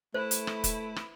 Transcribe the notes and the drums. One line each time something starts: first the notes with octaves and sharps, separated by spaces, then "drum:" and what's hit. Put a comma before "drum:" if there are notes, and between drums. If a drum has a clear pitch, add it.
A3 E4 B4 C5
drum: hi-hat
drum: rim click
drum: kick, hi-hat
drum: rim click